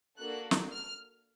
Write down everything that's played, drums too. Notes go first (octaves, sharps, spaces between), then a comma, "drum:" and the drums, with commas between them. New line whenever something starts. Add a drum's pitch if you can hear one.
A#3 D4 F#4 A4 F#6
drum: snare
F6